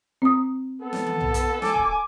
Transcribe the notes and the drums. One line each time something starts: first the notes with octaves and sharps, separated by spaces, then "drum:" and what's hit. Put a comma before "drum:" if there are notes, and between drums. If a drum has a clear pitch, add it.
C4 D#6
B3 A4
drum: snare
drum: tom
drum: tom B1
drum: hi-hat
G#5 D6, drum: snare
drum: kick